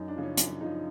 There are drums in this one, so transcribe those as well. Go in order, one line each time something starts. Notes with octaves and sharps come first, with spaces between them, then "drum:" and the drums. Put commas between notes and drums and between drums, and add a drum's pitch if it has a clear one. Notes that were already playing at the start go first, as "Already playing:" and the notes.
Already playing: F#2 D#4
D4
C#3 F3
C#4
F#2 D4, drum: hi-hat
C#3 F3 D#4